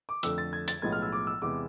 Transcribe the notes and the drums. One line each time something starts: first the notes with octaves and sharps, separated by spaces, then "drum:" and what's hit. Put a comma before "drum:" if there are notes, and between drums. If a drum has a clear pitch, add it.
D6
F2 D3 A3 E6, drum: hi-hat
A6
G#6
A6, drum: hi-hat
B1 A2 F3 G#3 B3 G#6
F6
E6
D6
E6
E2 C3 G#3 B3 D6